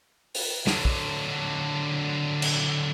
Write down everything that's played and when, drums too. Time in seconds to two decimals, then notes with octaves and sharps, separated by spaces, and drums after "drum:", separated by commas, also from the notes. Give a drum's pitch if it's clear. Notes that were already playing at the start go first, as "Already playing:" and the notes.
0.35 drum: open hi-hat
0.67 D3 F#3, drum: snare
0.85 drum: kick
2.42 drum: cymbal